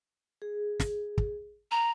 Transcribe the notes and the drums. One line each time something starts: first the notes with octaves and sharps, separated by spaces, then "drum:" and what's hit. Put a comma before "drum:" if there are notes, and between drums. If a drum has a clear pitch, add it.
G#4
drum: snare
drum: kick
A#5